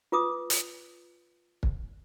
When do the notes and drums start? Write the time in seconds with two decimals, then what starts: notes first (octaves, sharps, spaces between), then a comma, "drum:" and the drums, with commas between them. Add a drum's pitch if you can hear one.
0.12 F4 B4 D6 D#6
0.50 drum: hi-hat
1.63 drum: kick